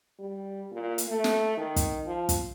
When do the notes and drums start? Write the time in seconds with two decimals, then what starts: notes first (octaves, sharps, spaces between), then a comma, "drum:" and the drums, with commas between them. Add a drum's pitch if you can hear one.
0.19 G3
0.72 A#2
0.98 drum: hi-hat
1.08 A3
1.24 drum: snare
1.57 D#3
1.76 drum: kick, hi-hat
2.06 F3
2.29 drum: kick, hi-hat